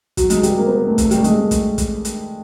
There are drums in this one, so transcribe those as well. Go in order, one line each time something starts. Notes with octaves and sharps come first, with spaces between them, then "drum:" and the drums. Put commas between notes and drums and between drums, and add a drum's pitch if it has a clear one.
F#3, drum: kick, hi-hat
G#3, drum: hi-hat
G3, drum: hi-hat
A#3
B3
A3
A3, drum: kick, hi-hat
G3, drum: hi-hat
A3
G#3, drum: hi-hat
A3
drum: kick, hi-hat
drum: kick, hi-hat
drum: hi-hat